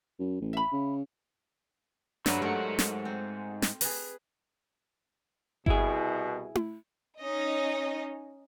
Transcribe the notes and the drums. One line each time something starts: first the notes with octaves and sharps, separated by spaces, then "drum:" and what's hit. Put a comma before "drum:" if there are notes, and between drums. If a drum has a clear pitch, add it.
F#2
A1
E5 B5
C#3
G2 F#3 A3 F#4 B4 B5, drum: snare
G#2 A3 A#4 F#5
drum: snare
C4
drum: snare
G#4 B4, drum: open hi-hat
C2 B2 E4 G#4, drum: kick G1
drum: tom E4
C#4 D#4 D#5